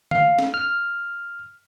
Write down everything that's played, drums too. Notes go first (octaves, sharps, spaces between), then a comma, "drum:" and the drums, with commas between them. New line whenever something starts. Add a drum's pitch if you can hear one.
F5, drum: tom
drum: snare
F6